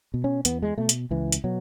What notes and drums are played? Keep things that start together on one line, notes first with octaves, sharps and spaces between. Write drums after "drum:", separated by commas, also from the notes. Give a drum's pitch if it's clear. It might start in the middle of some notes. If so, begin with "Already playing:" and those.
B2
C#4
E2 B3, drum: hi-hat
G#3
B2 A3
drum: hi-hat
C#2 E3
drum: hi-hat
B2 F#3